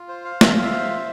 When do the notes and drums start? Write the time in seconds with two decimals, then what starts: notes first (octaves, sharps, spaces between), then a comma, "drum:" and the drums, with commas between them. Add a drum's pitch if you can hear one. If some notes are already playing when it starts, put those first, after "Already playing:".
Already playing: F4
0.08 C5
0.24 F5
0.41 F4 E5, drum: snare
0.58 F5
0.63 E5
0.73 C5
0.89 F4